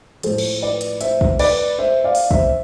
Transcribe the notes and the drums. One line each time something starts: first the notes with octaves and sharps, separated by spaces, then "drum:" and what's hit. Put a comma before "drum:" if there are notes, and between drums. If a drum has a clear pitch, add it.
A2 F3 A4 C5, drum: hi-hat
drum: cymbal
B4 D5
drum: hi-hat
C5 E5, drum: hi-hat
drum: kick
B4 D5, drum: cymbal
C5 E5
D5 F5
drum: open hi-hat
C5 E5, drum: kick